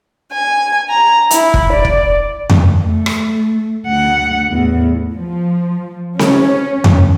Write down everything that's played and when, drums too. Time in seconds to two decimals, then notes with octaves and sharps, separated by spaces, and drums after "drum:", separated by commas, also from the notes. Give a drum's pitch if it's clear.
0.32 G#5
0.89 A#5
1.31 E4, drum: hi-hat
1.54 drum: kick
1.72 D5
1.85 drum: kick
2.50 drum: tom F2
2.86 A3
3.06 drum: rim click
3.87 D2 F#5
4.51 E2 A2
5.14 F3
6.19 C#4, drum: snare C4
6.84 drum: tom F2